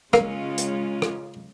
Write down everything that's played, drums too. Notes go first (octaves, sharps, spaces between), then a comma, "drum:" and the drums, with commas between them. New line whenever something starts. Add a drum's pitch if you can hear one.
C#3 G#3 A#3 C#4 F4, drum: rim click
drum: hi-hat
drum: rim click